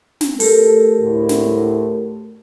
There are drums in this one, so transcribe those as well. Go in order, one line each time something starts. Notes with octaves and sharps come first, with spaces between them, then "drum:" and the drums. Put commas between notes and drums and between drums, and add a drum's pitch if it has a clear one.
drum: snare
A3 G4 A4 A#4, drum: open hi-hat
D2 A2
drum: snare